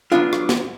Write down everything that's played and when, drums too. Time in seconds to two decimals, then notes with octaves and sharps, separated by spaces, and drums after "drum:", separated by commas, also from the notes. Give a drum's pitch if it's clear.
0.12 F#3 B3 D4 F4 F5
0.33 drum: rim click
0.49 drum: snare